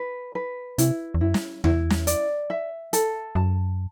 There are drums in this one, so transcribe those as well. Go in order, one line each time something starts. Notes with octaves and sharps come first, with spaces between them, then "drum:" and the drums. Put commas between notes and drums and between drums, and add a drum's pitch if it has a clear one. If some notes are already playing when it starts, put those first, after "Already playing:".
Already playing: B4
B4
C3 E4, drum: hi-hat
E2
F#2 E4
drum: snare
E2 E4, drum: tom E2
drum: snare
D5, drum: hi-hat
E5
A4, drum: hi-hat
F#2 A5